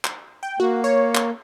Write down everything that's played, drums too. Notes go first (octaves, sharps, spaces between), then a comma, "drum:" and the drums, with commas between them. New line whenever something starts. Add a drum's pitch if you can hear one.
drum: clap
G5
A#3 F#4
C#5
drum: clap